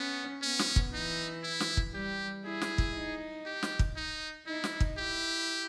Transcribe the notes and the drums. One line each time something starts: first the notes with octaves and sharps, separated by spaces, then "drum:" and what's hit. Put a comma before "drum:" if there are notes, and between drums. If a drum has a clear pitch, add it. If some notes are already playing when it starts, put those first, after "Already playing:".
Already playing: B3 C#4
B3 C#4
drum: snare
drum: kick
E3 D#4
E4
drum: snare
drum: kick
G3 G4
E4 G#4
drum: snare
drum: kick
D#4
G4
drum: snare
drum: kick
D#4
D#4 E4
drum: snare
drum: kick
E4 G4